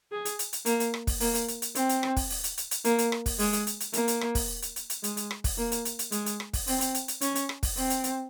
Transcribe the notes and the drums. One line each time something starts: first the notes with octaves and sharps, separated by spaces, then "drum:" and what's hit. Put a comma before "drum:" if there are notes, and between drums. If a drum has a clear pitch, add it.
G#4
drum: hi-hat
drum: hi-hat
drum: hi-hat
A#3, drum: hi-hat
drum: hi-hat
drum: rim click
drum: kick, open hi-hat
A#3, drum: open hi-hat
drum: hi-hat
drum: hi-hat
drum: hi-hat
C4, drum: hi-hat
drum: hi-hat
drum: rim click
drum: kick, open hi-hat
drum: open hi-hat
drum: hi-hat
drum: hi-hat
drum: hi-hat
A#3, drum: hi-hat
drum: hi-hat
drum: rim click
drum: kick, open hi-hat
G#3, drum: open hi-hat
drum: hi-hat
drum: hi-hat
drum: hi-hat
A#3, drum: hi-hat
drum: hi-hat
drum: rim click
drum: kick, open hi-hat
drum: hi-hat
drum: hi-hat
drum: hi-hat
G#3, drum: hi-hat
drum: hi-hat
drum: rim click
drum: kick, open hi-hat
A#3
drum: hi-hat
drum: hi-hat
drum: hi-hat
G#3, drum: hi-hat
drum: hi-hat
drum: rim click
drum: kick, open hi-hat
C4, drum: open hi-hat
drum: hi-hat
drum: hi-hat
drum: hi-hat
C#4, drum: hi-hat
drum: hi-hat
drum: rim click
drum: kick, open hi-hat
C4, drum: open hi-hat
drum: hi-hat
drum: hi-hat